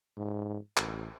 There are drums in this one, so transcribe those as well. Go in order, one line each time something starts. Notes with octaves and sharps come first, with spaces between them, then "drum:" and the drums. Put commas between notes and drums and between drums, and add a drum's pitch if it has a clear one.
G#2
A1, drum: clap